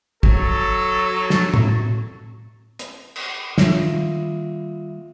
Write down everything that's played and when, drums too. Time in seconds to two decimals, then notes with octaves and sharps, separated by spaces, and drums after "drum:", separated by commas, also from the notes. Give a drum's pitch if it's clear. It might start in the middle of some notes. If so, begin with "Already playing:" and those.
0.23 F#3 A4, drum: kick
1.30 drum: snare
1.54 drum: tom A2
2.79 drum: hi-hat
3.16 drum: cymbal
3.58 D#3 G3 A#3 F4 E5, drum: snare